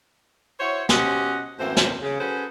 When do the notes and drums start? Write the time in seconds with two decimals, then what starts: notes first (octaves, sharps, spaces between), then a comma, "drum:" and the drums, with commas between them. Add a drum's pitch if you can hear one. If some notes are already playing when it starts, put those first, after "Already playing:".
0.60 E4 F#4 C5 C#5
0.89 B2 C#4 G4 C5 D#5 F#5, drum: snare
1.60 F#2 A2 E3 A#3 C4 C5
1.77 drum: snare
2.02 C#3
2.20 F#3 C#4 G#4 A4 B4 C5